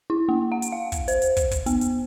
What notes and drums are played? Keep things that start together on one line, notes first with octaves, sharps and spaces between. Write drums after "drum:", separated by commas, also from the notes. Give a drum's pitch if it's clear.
E4
A#3
F#5
drum: hi-hat
F5
drum: kick, hi-hat
C5, drum: hi-hat
drum: hi-hat
drum: kick, hi-hat
drum: kick, hi-hat
B3, drum: hi-hat
drum: hi-hat